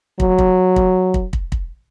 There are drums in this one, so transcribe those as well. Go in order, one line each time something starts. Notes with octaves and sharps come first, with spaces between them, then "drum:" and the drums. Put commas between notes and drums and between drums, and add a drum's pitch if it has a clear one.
F#3, drum: kick
drum: kick
drum: kick
drum: kick
drum: kick
drum: kick